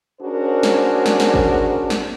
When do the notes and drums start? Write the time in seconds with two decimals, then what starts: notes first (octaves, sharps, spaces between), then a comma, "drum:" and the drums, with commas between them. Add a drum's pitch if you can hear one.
0.21 C#4 D4 F#4 G#4 A#4 C5
0.63 drum: snare
1.06 drum: snare
1.20 drum: snare
1.34 drum: kick G#1
1.90 drum: snare